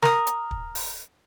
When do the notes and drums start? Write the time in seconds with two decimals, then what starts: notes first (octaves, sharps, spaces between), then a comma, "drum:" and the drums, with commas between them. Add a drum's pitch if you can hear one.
0.02 A#4 D#6, drum: snare
0.27 drum: hi-hat
0.51 drum: kick
0.75 drum: open hi-hat